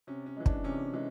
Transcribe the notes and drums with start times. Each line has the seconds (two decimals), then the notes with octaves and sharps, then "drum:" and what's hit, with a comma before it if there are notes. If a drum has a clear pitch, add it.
0.07 C3 C#4
0.26 C#4
0.37 E3 G#3
0.46 D4, drum: kick
0.64 C3 C#4
0.93 E3 G#3